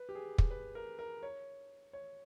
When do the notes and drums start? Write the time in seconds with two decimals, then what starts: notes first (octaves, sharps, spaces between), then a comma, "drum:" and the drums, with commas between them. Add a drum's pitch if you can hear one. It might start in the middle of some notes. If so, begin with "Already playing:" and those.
Already playing: B4
0.09 G4
0.15 G#4
0.38 drum: kick
0.50 B4
0.75 A#4
0.99 A#4
1.23 C#5
1.93 C#5